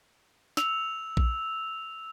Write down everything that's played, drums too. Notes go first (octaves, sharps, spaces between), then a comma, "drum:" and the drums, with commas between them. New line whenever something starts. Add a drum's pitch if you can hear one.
E6 F7, drum: snare
drum: kick A#1